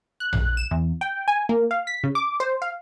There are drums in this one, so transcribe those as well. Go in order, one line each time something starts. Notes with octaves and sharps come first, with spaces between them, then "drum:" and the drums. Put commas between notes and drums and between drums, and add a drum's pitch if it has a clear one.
F#6
drum: tom A#1
E7
E2
G5
G#5
A#3
F5
B6
C#3
D6
C5
F5